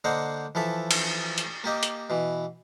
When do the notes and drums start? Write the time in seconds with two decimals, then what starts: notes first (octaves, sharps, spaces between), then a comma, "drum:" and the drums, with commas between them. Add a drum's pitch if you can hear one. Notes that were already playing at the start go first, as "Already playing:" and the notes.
0.04 D3 A#3 C5 D#5 F#5
0.55 E3 F3 A4 E5
0.91 drum: cymbal
1.38 drum: hi-hat
1.64 A#3 G4 D#5
1.83 drum: hi-hat
2.10 B2 E3